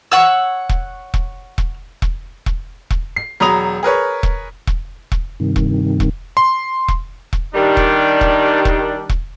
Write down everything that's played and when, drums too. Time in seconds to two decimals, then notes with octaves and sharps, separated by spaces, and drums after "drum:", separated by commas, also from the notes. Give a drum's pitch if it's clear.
0.12 C#5 F#5 E6
0.69 drum: kick E1
1.14 drum: kick E1
1.58 drum: kick E1
2.02 drum: kick E1
2.46 drum: kick E1
2.90 drum: kick E1
3.16 C7
3.40 E1 F#3 A#5 B5 D#6 F7
3.83 G#4 A#4 B4 C#5
4.23 drum: kick E1
4.67 drum: kick E1
5.12 drum: kick E1
5.40 G2 C3 D#3
5.56 drum: kick E1
6.00 drum: kick E1
6.37 C6
6.88 drum: kick E1
7.33 drum: kick E1
7.55 D#3 G3 D4
7.77 drum: kick E1
8.21 drum: kick E1
8.65 drum: kick E1
9.09 drum: kick E1